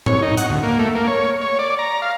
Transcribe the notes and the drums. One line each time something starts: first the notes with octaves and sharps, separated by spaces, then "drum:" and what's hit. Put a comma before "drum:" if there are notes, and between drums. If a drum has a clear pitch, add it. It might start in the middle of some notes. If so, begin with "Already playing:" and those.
C#5, drum: tom A2
D#4
F#5, drum: hi-hat
D2
A#3
A3
A#3
C#5
C#5
D5
A#5
F5